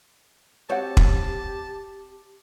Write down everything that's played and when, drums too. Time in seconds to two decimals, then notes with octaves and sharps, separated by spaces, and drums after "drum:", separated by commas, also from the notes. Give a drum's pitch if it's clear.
0.69 C4 F#4 G4 C#5 F#5 A5
0.97 drum: kick